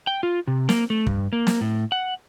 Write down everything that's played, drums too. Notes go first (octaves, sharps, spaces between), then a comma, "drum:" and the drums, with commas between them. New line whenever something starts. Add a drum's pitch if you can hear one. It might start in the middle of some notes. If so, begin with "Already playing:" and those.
G5
F4
C3
A#3, drum: snare
A3
G2, drum: kick
A#3
drum: snare
A2
F#5